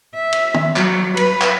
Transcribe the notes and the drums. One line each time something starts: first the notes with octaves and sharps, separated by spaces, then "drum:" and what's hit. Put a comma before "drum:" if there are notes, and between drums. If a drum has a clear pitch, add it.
E5
drum: cymbal
drum: tom
F#3, drum: clap
B4, drum: cymbal
drum: clap